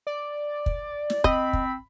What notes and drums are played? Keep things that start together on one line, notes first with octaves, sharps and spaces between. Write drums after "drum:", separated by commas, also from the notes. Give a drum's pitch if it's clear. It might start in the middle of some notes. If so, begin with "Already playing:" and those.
D5
drum: kick
drum: snare
C4 D#5 B5, drum: kick
drum: kick